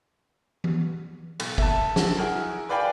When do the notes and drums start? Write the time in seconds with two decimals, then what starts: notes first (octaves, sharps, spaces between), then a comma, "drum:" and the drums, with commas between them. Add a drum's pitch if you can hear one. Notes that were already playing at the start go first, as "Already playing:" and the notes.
0.64 drum: tom E3
1.40 B1, drum: cymbal
1.58 E5 A5, drum: kick
1.96 drum: snare
2.17 E4 F#4 G#4 A#4
2.69 B4 D5 F5 G5 G#5 B5